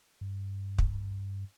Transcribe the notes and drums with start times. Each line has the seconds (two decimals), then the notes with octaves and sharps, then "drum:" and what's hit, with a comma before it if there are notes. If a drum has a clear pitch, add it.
0.21 G2
0.78 drum: kick